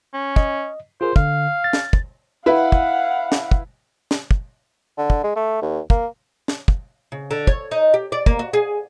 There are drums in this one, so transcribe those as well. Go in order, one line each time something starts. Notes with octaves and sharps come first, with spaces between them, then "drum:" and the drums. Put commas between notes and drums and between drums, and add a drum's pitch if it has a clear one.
C#4
D#5, drum: kick
F4 G#4 A#4 C5
D3 F5, drum: kick
A6
drum: snare
drum: kick
E4 B4 F5 F#5
drum: kick
drum: snare
drum: kick
drum: snare
drum: kick
D3
drum: kick
G#3
A3
D#2
A#3, drum: kick
drum: snare
drum: kick
C#3
D3
C#5, drum: kick
D#4
G4
D5
A#3, drum: kick
F#4
G#4